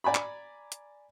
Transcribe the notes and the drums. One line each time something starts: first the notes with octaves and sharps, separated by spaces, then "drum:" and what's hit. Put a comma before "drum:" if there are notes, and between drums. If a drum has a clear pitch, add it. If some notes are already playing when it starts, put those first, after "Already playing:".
D5 G#5 A#5 B5
drum: clap
drum: hi-hat